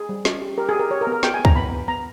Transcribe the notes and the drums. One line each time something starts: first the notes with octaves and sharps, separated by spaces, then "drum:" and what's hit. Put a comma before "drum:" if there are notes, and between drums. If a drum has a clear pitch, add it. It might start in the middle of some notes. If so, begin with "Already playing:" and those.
Already playing: G#4
G3
C#4, drum: snare
G4
G4 A#4
G#4
G4
A#4
G4 C#5
A#4
B3
A#4
B3 G5, drum: snare
G#5
B3
A#5, drum: kick
B3 B5
B3
B3 A#5